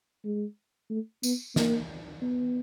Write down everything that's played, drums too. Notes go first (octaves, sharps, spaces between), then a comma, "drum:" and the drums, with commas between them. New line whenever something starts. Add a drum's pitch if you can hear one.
G#3
A3
B3, drum: tambourine
A#3, drum: snare
B3